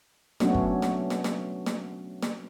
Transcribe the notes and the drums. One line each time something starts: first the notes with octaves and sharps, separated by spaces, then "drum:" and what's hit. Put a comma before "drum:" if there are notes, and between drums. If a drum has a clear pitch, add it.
F#3 A3 B3 C#4 D4 F#4, drum: snare
drum: kick
drum: snare
drum: snare
drum: snare
drum: snare
drum: snare